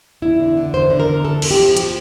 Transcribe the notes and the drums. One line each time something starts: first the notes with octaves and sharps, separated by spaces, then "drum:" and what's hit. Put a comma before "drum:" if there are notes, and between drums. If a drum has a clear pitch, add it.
E2 E4
D3
D3
E2 C5
D3
A#4
E2
E2 A4
E2, drum: cymbal
G4
F3
G4, drum: hi-hat